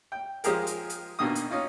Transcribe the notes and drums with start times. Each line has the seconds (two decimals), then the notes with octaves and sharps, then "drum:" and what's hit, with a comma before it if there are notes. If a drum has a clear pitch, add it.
0.12 G5
0.44 F3 G#3 G4 G#4 A#4, drum: hi-hat
0.67 drum: hi-hat
0.90 drum: hi-hat
1.19 B2 D3 D#3 A#3 D#6
1.35 drum: hi-hat
1.51 C#4 D#4 F4